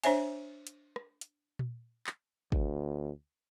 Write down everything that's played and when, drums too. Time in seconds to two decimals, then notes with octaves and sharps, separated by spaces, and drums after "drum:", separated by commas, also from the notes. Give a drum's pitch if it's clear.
0.04 D4 C5 C#5 E5 G#5, drum: cymbal
0.67 drum: hi-hat
0.96 drum: rim click
1.21 drum: hi-hat
1.59 drum: tom A#2
2.07 drum: clap
2.52 D2, drum: kick